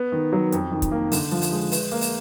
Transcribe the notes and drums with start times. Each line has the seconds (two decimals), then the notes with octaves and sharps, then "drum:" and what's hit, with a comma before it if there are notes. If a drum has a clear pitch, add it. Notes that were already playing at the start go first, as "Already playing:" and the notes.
Already playing: B3
0.12 D#3
0.32 F#3
0.52 F2, drum: hi-hat
0.72 D#3
0.82 drum: kick, hi-hat
0.91 A#3
1.12 D3, drum: open hi-hat
1.31 F3
1.42 drum: open hi-hat
1.52 G#3
1.72 B4, drum: open hi-hat
1.92 A#3
2.01 drum: open hi-hat